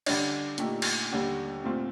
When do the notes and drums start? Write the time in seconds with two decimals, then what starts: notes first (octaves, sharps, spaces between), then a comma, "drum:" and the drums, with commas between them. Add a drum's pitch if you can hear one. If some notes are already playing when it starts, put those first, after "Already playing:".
0.06 D3 G3 D4, drum: cymbal
0.58 A#2 A3 D#4 G4, drum: hi-hat
0.82 drum: cymbal
1.11 D#2 D3 G3
1.64 A#2 A3 C4 F4